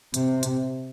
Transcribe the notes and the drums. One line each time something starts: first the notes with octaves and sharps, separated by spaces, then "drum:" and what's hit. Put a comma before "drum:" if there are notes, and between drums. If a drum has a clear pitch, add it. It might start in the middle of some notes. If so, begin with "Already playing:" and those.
C3, drum: hi-hat
drum: hi-hat